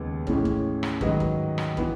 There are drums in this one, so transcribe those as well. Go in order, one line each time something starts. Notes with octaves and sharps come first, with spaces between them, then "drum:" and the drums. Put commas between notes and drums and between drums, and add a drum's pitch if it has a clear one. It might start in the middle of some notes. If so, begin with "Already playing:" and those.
Already playing: D#2 C#3 G#3 B3
A2 E3 G#3 C#4, drum: kick
drum: kick
drum: rim click
G#2 D#3 F#3 B4 D#5, drum: kick
drum: kick
drum: rim click
E3 B3, drum: kick